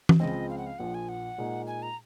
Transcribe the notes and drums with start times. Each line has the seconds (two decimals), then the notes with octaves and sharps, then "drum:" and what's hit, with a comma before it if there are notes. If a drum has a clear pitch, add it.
0.09 drum: tom
0.20 C#2 C#3 F3 G#3 C4 D#5
0.50 F5
0.58 F#5
0.66 F5
0.78 A#1 A#2 F3 F#5
0.94 G#5
1.09 F#5
1.38 A#2 G#3 D#4 G#4
1.67 G#5
1.82 A#5